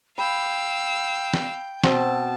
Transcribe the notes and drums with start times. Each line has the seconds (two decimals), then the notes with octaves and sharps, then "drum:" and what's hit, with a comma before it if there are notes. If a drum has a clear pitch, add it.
0.18 F5 G5 B5 E6
1.34 drum: snare
1.84 B2 C4 A5, drum: snare